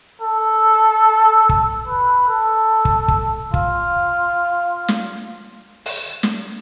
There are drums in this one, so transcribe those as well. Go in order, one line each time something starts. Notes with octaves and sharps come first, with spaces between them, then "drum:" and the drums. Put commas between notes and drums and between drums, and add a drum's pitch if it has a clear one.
A4
drum: kick
B4
A4
drum: kick
drum: kick
F4, drum: kick
drum: snare
drum: open hi-hat
drum: snare